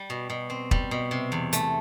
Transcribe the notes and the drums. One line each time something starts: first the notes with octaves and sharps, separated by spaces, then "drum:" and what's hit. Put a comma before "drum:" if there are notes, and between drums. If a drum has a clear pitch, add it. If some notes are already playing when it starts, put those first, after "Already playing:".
Already playing: G3
B2
B2
C4
G3, drum: kick
B2
C3
E2
A3, drum: hi-hat